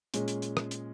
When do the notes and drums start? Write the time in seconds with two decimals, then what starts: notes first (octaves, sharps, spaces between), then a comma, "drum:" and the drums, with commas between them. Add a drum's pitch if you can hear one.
0.14 A#2 G#3 C#4, drum: hi-hat
0.28 drum: hi-hat
0.42 drum: hi-hat
0.57 drum: rim click
0.71 drum: hi-hat